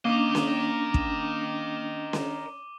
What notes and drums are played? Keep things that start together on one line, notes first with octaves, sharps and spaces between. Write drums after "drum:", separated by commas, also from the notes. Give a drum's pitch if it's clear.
A#3 C#4 D4 A#4 D#5 D6 D#7 G7
drum: snare C#4
drum: kick
drum: snare C#4